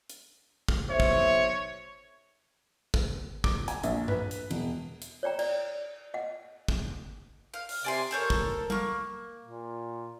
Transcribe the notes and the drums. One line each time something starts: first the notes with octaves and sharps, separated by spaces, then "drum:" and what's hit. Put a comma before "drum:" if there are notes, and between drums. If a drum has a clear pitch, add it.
drum: hi-hat
drum: kick
B1 C5 C#5 E5
drum: kick
drum: kick
D6, drum: kick
G#5, drum: hi-hat
A#1, drum: hi-hat
B4, drum: tom G2
drum: hi-hat
E1, drum: cymbal
drum: hi-hat
C#5 D5 G5 A#5
D5, drum: cymbal
D#5 F#5
drum: kick
F5
drum: open hi-hat
C3 D5 G#5 C6
A4 A#4 C5 C#5
drum: kick
A#3 C#6, drum: tom G3
A#2